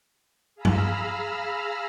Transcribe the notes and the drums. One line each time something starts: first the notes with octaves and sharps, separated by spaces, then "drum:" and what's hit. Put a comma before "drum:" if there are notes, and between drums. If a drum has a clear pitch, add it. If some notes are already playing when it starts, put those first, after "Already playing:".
G#4 F5 A#5 B5 E6 F6
drum: tom